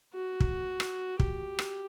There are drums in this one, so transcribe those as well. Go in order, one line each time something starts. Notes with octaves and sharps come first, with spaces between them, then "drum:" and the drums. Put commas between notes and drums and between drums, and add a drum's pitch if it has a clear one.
F#4
drum: kick
drum: rim click
G4, drum: kick
drum: rim click